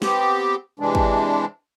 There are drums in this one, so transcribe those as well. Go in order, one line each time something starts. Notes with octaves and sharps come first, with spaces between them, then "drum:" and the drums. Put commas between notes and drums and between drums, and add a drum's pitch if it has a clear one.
B3 C4 G4, drum: snare
C3 E3 G#3 D4
drum: kick